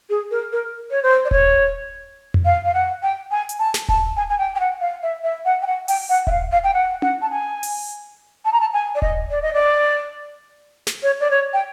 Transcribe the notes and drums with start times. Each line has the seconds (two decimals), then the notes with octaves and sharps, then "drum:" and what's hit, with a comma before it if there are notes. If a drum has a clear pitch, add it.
0.10 G#4
0.31 A#4
0.52 A#4
0.91 C#5
1.03 C5
1.25 D5
1.31 C#5, drum: kick D#1
2.34 drum: tom F2
2.45 F5
2.65 F5
2.74 F#5
3.03 G5
3.31 G#5
3.49 drum: hi-hat
3.59 A5
3.74 drum: snare
3.88 A5, drum: kick D#1
4.17 G#5
4.30 G#5
4.39 G5
4.55 G5
4.60 F#5
4.81 F5
5.03 E5
5.24 E5
5.45 F#5
5.62 G5
5.67 F#5
5.88 G5, drum: open hi-hat
6.09 F#5
6.27 E5, drum: kick D#1
6.31 F5
6.52 F5
6.64 G5
6.74 F#5
7.02 F#5, drum: tom C#4
7.22 A5
7.31 G#5
7.63 drum: open hi-hat
8.45 A5
8.53 A#5
8.61 A5
8.73 G#5
8.95 D5
9.02 D#5, drum: kick D#1
9.30 D5
9.42 D#5
9.53 D5
10.87 drum: snare
11.03 C#5
11.20 D5
11.31 C#5
11.53 G5